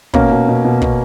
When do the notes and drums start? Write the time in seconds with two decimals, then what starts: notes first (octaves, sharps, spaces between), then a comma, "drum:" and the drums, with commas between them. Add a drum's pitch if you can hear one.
0.14 B2 A#3 C#4, drum: kick
0.31 B2
0.48 B2
0.65 B2
0.82 B2, drum: kick